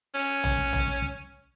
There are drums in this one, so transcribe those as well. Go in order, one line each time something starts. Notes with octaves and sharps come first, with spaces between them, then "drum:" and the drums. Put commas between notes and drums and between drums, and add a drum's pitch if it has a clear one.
C#4
drum: tom A#1
drum: kick
drum: tom A#1
drum: kick
drum: kick